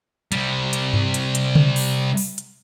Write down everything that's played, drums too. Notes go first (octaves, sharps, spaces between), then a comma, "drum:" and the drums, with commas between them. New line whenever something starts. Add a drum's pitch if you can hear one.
C3 G3, drum: hi-hat
drum: hi-hat
drum: tom G2
drum: hi-hat
drum: hi-hat
drum: tom C#3
drum: open hi-hat
drum: open hi-hat
drum: hi-hat